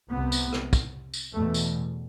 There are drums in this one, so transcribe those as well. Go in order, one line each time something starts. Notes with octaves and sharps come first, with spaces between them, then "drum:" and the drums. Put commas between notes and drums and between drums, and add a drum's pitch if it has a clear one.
C2 C3 B3
drum: tambourine
drum: rim click
drum: kick, tambourine
drum: tambourine
E2 B2 A3
drum: tambourine